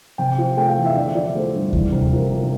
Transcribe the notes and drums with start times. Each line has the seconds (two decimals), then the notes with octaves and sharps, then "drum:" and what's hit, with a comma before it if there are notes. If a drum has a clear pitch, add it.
0.18 C3 G5
0.38 F3
0.57 A3 G5
0.67 F5
0.77 E2
0.86 E5
0.96 D3 D5
1.15 F3 D5
1.35 A3 C5
1.55 G2
1.73 E2, drum: kick D#2
1.92 C3
2.12 F3 A#4
2.31 E1